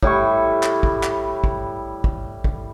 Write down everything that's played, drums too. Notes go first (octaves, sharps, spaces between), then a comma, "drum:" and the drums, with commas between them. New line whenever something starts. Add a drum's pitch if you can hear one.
A2 G3 E4 C#6, drum: kick
drum: clap
drum: kick
drum: clap
drum: kick
drum: kick
drum: kick